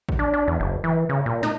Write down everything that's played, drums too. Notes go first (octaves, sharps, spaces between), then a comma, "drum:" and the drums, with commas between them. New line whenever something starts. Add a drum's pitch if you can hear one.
drum: kick A1
D4
D4
E2
F#1
E3
C#3
A#2
D#4, drum: snare